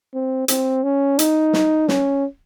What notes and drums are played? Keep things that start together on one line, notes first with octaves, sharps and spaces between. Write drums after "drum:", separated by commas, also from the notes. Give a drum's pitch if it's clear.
C4
C4, drum: hi-hat
C#4
D#4, drum: hi-hat
drum: snare
C#4, drum: snare